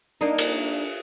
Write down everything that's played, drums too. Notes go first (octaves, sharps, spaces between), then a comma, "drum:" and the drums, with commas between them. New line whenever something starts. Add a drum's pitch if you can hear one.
A#3 D4 D#4
drum: cymbal